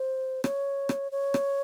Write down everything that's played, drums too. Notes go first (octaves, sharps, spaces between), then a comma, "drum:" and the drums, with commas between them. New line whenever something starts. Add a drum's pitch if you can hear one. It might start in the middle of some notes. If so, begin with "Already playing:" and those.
Already playing: C5
C#5, drum: rim click
drum: rim click
C#5
drum: rim click